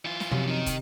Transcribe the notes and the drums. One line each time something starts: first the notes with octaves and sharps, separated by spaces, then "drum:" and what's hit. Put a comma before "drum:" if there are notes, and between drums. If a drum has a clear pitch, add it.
E3 F4
drum: snare
F#2 C3 F3
D#3 D#4
drum: kick, hi-hat